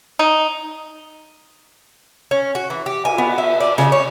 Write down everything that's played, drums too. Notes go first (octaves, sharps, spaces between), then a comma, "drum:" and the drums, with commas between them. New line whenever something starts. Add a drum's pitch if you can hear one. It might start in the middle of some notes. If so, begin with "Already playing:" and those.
D#4
C#4
F#4
E3
G4
G#5, drum: cymbal
B3
E5
D5
C#3, drum: snare
C#5